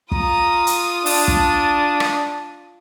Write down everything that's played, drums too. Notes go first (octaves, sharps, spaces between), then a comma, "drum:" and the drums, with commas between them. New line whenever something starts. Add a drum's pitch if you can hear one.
F4 A#5 D#6, drum: kick
drum: hi-hat
D4 A5, drum: open hi-hat
drum: kick
drum: rim click